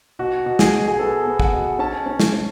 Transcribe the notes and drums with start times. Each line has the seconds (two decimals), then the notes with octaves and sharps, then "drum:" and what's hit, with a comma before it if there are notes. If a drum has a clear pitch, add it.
0.19 B2 F#4
0.46 B2
0.59 G#4, drum: snare
0.73 B2
0.88 G#4
0.99 B3 A4
1.25 B3
1.40 F#5, drum: kick
1.53 B2
1.79 C#4 A5
2.06 C#4
2.20 drum: snare
2.33 C#4